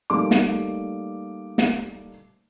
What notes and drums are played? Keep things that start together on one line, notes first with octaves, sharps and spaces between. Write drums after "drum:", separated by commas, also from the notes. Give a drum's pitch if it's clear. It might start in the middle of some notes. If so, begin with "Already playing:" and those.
G3 A3 A#3 D#4 D5 D6
drum: snare
drum: snare